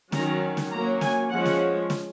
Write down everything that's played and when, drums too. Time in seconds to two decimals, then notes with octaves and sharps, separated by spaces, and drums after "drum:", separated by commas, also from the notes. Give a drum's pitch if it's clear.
0.12 D#3 F#3 C#4 A#5, drum: snare
0.57 drum: snare
0.72 F#3 A#3 C#4 A#5
1.01 G#5, drum: snare
1.31 F3 G#3 C#4 F#5
1.45 drum: snare
1.90 drum: snare